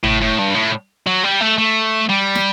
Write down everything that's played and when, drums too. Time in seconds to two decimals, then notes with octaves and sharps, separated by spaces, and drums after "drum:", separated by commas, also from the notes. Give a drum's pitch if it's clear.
0.04 A2, drum: tom
0.21 A2
0.38 G2
0.54 A2
1.07 F#3
1.24 G3
1.41 A3
1.58 A3
2.09 G3
2.35 drum: snare